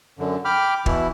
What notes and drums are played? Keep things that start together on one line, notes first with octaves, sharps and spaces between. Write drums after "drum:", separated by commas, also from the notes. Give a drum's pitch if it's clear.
F#2 D3
G5 B5 D6 F6
B2 E3 E4, drum: kick